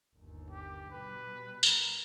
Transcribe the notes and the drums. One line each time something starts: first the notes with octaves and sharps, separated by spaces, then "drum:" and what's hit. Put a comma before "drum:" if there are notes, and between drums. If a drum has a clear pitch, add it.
G1 D#2
G4
B2 G3 B4
A#4, drum: tambourine